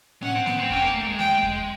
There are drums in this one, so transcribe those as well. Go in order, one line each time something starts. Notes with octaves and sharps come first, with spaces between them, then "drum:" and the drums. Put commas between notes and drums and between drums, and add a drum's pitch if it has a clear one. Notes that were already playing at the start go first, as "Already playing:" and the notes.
C#4 F#5, drum: tom A2
C4
B3, drum: snare A#3
C4
C#4 G5, drum: kick E2
A#3
A3
G#3
G5, drum: snare A#3
drum: kick E2